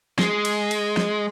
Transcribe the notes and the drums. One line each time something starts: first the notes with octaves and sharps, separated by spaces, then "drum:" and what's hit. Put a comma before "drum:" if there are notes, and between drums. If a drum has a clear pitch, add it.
G#3, drum: snare
drum: cymbal
drum: cymbal
drum: snare